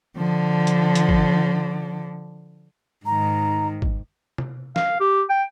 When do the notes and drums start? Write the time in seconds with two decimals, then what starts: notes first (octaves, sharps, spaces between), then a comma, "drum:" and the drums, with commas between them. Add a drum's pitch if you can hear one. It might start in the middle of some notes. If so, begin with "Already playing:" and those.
0.16 D3 F3
0.67 drum: hi-hat
0.95 drum: hi-hat
1.09 drum: kick G#1
3.06 G#2 D#3 A#5
3.82 drum: kick G#1
4.38 drum: tom
4.76 F5, drum: snare
5.00 G4
5.29 G5